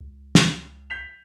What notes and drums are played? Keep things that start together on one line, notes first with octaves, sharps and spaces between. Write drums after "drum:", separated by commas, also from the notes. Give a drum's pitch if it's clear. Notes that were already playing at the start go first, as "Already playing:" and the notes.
C#2
drum: snare
G6 B6 F7